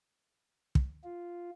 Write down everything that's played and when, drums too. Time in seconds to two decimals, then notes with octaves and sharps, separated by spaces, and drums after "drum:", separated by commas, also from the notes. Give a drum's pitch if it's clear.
0.75 drum: kick
1.04 F4